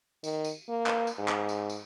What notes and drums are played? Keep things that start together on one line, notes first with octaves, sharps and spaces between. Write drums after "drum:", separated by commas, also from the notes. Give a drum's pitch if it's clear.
D#3, drum: tambourine
drum: tambourine
A#3
drum: clap
drum: tambourine
G#2
drum: clap
drum: tambourine
drum: tambourine